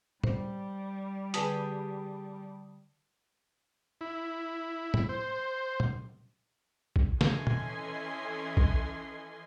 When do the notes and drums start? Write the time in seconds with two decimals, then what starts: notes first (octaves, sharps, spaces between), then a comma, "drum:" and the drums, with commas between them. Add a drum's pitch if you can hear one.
0.24 G3 C5, drum: tom A2
1.34 D3 G4 G#4 B4 A5 D#6, drum: hi-hat
4.01 E4
4.94 drum: tom A2
5.09 C5
5.80 drum: tom
6.96 drum: kick
7.21 E3 C#4 A4 D#5 G#5 C6, drum: snare
7.47 drum: tom
8.57 drum: kick